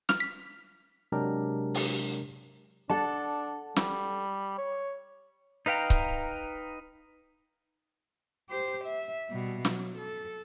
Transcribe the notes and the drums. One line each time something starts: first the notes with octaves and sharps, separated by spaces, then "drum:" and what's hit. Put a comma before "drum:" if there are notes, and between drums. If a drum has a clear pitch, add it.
F6, drum: snare
B6
C3 F#3 G#3 D4 G4 A#4
drum: open hi-hat
D4 A4 F#5 A5
G3, drum: snare
C#5
D#4 B4 F5 G5 A#5
drum: kick C#1
G4 C5
E5
B2 G3
F#3, drum: snare
A4